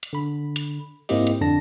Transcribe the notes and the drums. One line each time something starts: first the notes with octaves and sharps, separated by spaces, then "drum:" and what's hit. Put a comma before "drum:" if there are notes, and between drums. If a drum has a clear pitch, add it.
drum: hi-hat
D3 B5
drum: hi-hat
G#2 A#3 C4 E4 G4 D#5, drum: open hi-hat
drum: hi-hat
F2 D3 D4 A5 A#6